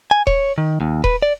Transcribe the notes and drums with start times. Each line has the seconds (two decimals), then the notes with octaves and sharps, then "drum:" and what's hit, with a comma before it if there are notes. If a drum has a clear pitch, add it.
0.11 G#5
0.27 C#5, drum: kick D#1
0.58 D#3
0.81 D#2
1.04 B4, drum: kick D#1
1.22 D5